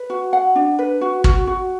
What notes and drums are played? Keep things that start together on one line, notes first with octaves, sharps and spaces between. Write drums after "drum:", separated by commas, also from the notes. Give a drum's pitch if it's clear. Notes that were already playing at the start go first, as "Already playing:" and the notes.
Already playing: B4
F#4
F#5
D4
B4
F#4
F#4, drum: kick
F#4